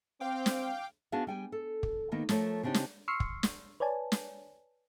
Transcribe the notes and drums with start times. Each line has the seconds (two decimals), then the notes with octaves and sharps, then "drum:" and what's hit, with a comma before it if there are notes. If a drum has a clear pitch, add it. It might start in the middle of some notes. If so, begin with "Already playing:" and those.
0.20 C4 F5 G5 D6
0.46 drum: snare
1.12 B3 D4 F#4 G#4 F5
1.27 G3 G5 G#5
1.52 A4
1.83 drum: kick
2.12 D#3 A#3 B3
2.29 F3 A3 A#4 C#5, drum: snare
2.63 C#3 C4 D4 D#4 G4
2.74 drum: snare
3.08 C6 C#6 E6 F6 C7 C#7
3.20 drum: kick
3.43 drum: snare
3.80 B4 C#5 D5 G#5 A5
4.12 drum: snare